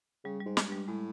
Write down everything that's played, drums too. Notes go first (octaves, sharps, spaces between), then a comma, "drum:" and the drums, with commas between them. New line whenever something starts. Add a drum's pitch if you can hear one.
C#3 G3
G3
G#2
G#3, drum: snare
G2 G3
A2 G#3